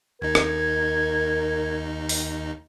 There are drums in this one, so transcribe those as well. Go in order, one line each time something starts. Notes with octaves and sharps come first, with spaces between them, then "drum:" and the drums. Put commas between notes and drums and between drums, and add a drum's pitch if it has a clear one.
D#2 D#4 A#4 G#6
drum: rim click
drum: open hi-hat